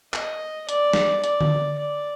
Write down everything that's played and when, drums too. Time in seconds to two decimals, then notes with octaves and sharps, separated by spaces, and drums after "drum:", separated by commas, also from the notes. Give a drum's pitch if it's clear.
0.14 D#5, drum: clap
0.69 D5, drum: hi-hat
0.93 drum: snare
1.24 D5, drum: hi-hat
1.41 drum: tom D3
1.79 D5